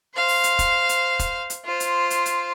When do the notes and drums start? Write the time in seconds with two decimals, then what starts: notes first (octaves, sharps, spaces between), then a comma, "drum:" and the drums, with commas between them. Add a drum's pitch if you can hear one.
0.15 C5 F5
0.28 drum: open hi-hat
0.44 drum: hi-hat
0.59 drum: kick E1, hi-hat
0.89 drum: hi-hat
1.19 drum: kick E1, hi-hat
1.50 drum: hi-hat
1.65 F4 C5
1.80 drum: hi-hat
2.10 drum: hi-hat
2.26 drum: hi-hat